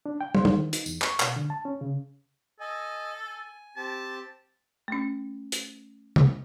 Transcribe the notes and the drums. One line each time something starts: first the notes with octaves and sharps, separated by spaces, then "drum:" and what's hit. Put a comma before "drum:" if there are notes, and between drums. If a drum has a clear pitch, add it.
D4
G5
C5, drum: tom
drum: tom
D#3
D#4, drum: hi-hat
E2, drum: tambourine
C#6, drum: clap
B2, drum: clap
D3
A5
C#4
C#3
A4 D#5 G#5
G#5
C4 G4 A5
A3 C#4
drum: hi-hat
drum: tom